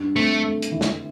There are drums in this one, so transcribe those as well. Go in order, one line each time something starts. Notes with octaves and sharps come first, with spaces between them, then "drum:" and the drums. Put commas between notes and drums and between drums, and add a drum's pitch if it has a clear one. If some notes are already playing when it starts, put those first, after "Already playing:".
Already playing: G2
A3 C4
A3
drum: hi-hat
E3
drum: snare